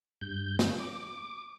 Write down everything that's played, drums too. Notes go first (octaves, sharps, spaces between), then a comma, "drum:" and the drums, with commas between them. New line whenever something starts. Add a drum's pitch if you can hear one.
G2 G6
drum: snare
D6